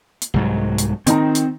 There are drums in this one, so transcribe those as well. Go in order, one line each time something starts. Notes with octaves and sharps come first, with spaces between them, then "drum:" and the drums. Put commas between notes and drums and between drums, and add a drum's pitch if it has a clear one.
drum: hi-hat
C2 G#2 F#3
drum: hi-hat
D#3 C4 D#4 A#5, drum: hi-hat
drum: hi-hat